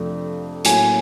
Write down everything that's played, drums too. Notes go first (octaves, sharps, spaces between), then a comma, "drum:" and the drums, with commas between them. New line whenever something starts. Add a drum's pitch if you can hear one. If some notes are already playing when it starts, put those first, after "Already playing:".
Already playing: F2 C3 F3 A3 D4
A2 F#3 A#3 G#5, drum: hi-hat